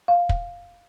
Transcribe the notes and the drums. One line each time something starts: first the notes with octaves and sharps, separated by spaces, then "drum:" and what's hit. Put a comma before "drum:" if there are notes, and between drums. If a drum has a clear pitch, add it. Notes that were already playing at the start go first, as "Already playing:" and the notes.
F5
drum: kick